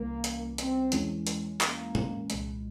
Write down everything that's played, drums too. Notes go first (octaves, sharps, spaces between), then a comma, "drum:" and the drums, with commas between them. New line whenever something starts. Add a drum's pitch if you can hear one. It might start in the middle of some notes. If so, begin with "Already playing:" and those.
Already playing: C2 C3 E3 G3 A#3 C#4
drum: hi-hat
C4, drum: hi-hat
E2 E3 G#3 C#4, drum: hi-hat
drum: hi-hat
A#3, drum: clap
drum: tom
C2 A#2 G#3, drum: hi-hat